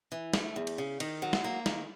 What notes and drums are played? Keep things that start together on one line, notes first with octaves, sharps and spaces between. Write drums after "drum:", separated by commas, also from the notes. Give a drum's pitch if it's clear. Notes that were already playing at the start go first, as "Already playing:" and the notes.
E3
A3, drum: snare
E2
drum: cymbal
C#3
D#3, drum: cymbal
F#3
drum: snare
A#3
D#3, drum: snare